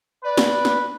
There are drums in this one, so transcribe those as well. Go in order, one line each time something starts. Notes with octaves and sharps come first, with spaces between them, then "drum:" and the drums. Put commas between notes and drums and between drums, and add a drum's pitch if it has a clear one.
B4 D5
drum: snare
drum: snare